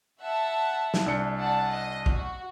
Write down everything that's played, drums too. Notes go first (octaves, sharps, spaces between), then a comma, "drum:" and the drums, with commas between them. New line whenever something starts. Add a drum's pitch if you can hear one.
E5 F#5 A5
drum: snare
C2 D4 C#7
D5 F#5 A5
D#5
F#4, drum: kick